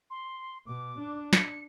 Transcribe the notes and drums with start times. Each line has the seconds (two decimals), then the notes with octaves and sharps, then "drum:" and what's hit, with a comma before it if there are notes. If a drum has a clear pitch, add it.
0.10 C6
0.66 B2 D6
0.99 D4
1.33 C#7, drum: snare